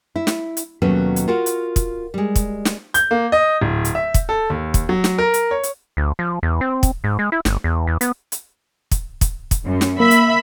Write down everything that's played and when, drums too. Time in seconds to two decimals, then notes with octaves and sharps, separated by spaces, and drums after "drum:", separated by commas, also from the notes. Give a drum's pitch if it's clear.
0.16 E4
0.27 drum: snare
0.57 drum: hi-hat
0.82 D#2 B2 F#3 A3 C#4 B4
1.16 drum: hi-hat
1.28 F4 F#4 A#4 F#5
1.46 drum: hi-hat
1.76 drum: kick, hi-hat
2.14 G3 G#3
2.36 drum: kick, hi-hat
2.65 drum: snare
2.94 G6, drum: hi-hat
3.11 A#3
3.32 D#5
3.61 D1
3.85 drum: hi-hat
3.95 E5
4.14 drum: kick, hi-hat
4.29 A4
4.50 D#2
4.74 drum: kick, hi-hat
4.89 F#3
5.04 drum: snare
5.18 A#4
5.34 drum: hi-hat
5.51 C#5
5.64 drum: hi-hat
5.97 D2
6.19 F3
6.43 E2
6.61 C4
6.83 drum: kick, hi-hat
7.04 G#2
7.19 G#3
7.32 E4
7.45 G1, drum: snare
7.64 E2
7.87 E2
8.01 B3, drum: hi-hat
8.32 drum: hi-hat
8.91 drum: kick, hi-hat
9.21 drum: kick, hi-hat
9.51 drum: kick, hi-hat
9.64 F#2
9.81 drum: snare
10.00 A#3 E5 B5
10.11 drum: hi-hat